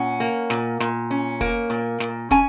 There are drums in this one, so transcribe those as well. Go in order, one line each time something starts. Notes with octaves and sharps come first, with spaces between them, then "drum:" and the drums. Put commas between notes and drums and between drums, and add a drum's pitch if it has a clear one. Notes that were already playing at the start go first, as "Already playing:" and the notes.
Already playing: A#2 C#4 F#5
A#3
A#2, drum: snare
A#2, drum: snare
C#4
A#3, drum: kick
A#2
A#2, drum: snare
C#4 G#5, drum: kick